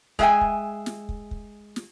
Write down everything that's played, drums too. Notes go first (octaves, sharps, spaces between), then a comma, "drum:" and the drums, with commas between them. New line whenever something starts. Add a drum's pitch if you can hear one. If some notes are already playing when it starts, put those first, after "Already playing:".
G#3 G#4 E5 F5 G5 G#5, drum: kick
drum: kick
drum: snare
drum: kick
drum: kick
drum: snare